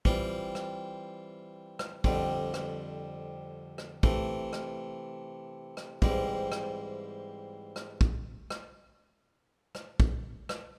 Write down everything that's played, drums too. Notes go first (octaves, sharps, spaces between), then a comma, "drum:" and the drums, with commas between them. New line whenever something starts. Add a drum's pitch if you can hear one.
E3 G3 C4 F4, drum: kick
drum: rim click
drum: rim click
F2 D3 G3 C4, drum: kick
drum: rim click
drum: rim click
C3 E3 A3, drum: kick
drum: rim click
drum: rim click
G#2 E3 G3 C4, drum: kick
drum: rim click
drum: rim click
drum: kick
drum: rim click
drum: rim click
drum: kick
drum: rim click